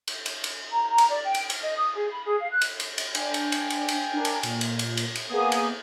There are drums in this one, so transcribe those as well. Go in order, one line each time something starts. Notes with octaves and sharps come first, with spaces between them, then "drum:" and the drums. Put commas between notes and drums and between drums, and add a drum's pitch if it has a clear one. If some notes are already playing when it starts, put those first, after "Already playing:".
drum: cymbal
drum: cymbal
drum: cymbal
A#5
A#5
drum: cymbal
D5
G5
drum: cymbal
F6, drum: cymbal
D#5
D#6
G#4
B5
G#4
F5
F#6
drum: cymbal
drum: cymbal
drum: cymbal
D4 G5 G#5, drum: cymbal
drum: cymbal
drum: cymbal
drum: cymbal
drum: cymbal
D4 A#4
drum: cymbal
A#2, drum: cymbal
drum: cymbal
drum: cymbal
drum: cymbal
drum: cymbal
A#3 B3 G#4 G#5 D#6
drum: cymbal